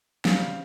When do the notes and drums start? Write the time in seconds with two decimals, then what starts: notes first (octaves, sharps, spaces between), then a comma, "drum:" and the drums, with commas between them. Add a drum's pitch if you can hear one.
0.25 C#3 G3 C4 F5, drum: snare